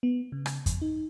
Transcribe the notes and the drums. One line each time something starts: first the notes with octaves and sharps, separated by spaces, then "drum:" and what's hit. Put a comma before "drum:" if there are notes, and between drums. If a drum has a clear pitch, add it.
B3
C#3
drum: rim click
F2, drum: kick, hi-hat
D#4